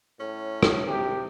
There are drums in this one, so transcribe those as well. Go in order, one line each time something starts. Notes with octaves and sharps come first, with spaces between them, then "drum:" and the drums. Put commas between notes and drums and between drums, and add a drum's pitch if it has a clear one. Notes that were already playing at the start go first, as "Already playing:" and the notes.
A2 C#4
drum: rim click
C3 G4